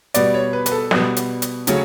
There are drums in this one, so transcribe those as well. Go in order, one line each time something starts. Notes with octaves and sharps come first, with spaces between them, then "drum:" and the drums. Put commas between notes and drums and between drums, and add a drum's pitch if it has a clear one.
B2 G3 B3 D5, drum: hi-hat
C#5
B4
B4, drum: hi-hat
A4
B2 G3 B3, drum: snare
drum: hi-hat
drum: hi-hat
C#3 F#3 A3 C#4, drum: hi-hat